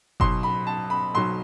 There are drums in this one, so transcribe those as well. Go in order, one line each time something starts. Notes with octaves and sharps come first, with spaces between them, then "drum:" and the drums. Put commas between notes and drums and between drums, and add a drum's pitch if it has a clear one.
B1 B2 F#3 C6, drum: kick F#1
B5
A5
B5
B1 B2 F#3 C6